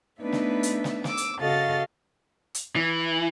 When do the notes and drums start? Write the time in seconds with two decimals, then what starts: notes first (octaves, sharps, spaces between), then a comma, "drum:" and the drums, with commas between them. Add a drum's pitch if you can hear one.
0.21 A3 B3 D4 D#4 B4 E5
0.32 drum: snare
0.63 drum: hi-hat
0.84 drum: snare
1.04 D6 E6, drum: snare
1.17 drum: hi-hat
1.40 C#3 F#4 A4 D#5 F5 A6
2.55 drum: hi-hat
2.76 E3